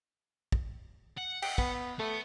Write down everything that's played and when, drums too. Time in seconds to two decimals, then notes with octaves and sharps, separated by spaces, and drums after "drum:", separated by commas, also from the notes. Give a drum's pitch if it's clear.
0.52 drum: kick
1.18 F#5
1.42 G5, drum: cymbal
1.58 B3, drum: kick
1.99 A3 B3